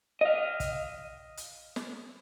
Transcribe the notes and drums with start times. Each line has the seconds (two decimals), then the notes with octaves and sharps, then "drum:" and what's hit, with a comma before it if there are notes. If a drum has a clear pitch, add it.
0.21 D#5 F5
0.60 drum: kick, hi-hat
1.37 drum: hi-hat
1.76 drum: snare